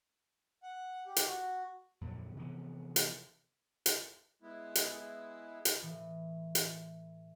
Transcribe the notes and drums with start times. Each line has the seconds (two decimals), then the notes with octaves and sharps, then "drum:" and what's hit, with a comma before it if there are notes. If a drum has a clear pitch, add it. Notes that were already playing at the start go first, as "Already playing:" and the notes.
0.63 F#5
1.06 G4
1.16 drum: hi-hat
1.27 F#4
2.01 F2 A#2 D3 F#3
2.36 C3 E3 F3 B3
2.96 drum: hi-hat
3.86 drum: hi-hat
4.42 G#3 B3 E4
4.75 drum: hi-hat
5.65 drum: hi-hat
5.82 A2 E3
6.55 drum: hi-hat